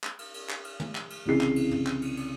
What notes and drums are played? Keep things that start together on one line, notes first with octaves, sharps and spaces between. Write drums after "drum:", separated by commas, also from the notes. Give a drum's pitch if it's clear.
drum: clap
drum: cymbal
drum: cymbal
drum: clap
drum: cymbal
drum: tom
drum: clap
drum: cymbal
C2 C#3 E3 G#4 C7
drum: clap
drum: cymbal
drum: tom
drum: clap
drum: cymbal
drum: cymbal